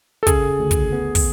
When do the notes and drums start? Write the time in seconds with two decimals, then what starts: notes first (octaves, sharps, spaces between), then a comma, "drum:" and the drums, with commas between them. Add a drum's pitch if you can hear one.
0.23 A4
0.27 C#3 G#4, drum: kick, hi-hat
0.59 D2
0.71 drum: kick, hi-hat
0.92 B3
1.15 drum: kick, open hi-hat